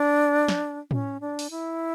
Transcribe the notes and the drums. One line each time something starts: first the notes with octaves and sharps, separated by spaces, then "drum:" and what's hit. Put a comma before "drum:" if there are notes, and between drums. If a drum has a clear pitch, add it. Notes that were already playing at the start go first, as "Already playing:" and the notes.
Already playing: D4
drum: snare
C#4, drum: tom A2
D4
drum: open hi-hat
E4